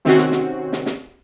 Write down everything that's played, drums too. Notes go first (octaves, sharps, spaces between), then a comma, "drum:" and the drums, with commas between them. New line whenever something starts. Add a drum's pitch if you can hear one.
C3 D#3 C4 C#4 F#4
drum: snare
drum: snare
drum: snare
drum: snare